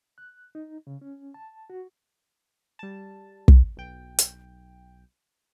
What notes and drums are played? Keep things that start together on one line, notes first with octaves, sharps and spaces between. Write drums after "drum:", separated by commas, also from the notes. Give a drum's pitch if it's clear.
F#6
D#4
C#3
C#4
A5
F#4
G3 A5
drum: kick
B1 G5
drum: hi-hat